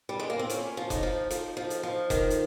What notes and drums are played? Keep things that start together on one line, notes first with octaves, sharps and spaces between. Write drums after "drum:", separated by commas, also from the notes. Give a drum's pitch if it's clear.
G3
G#3
A#3
C4
A#2 C#4, drum: hi-hat
F3
D#4, drum: kick F1, hi-hat
F3
F3, drum: hi-hat
F3
drum: hi-hat
F3
D#3, drum: kick F1, hi-hat
drum: hi-hat